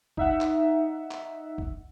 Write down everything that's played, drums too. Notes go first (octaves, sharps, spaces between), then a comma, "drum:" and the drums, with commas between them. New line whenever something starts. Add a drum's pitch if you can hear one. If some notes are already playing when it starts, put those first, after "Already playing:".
D#4 E5 F#5, drum: kick B1
drum: clap
drum: clap
drum: kick B1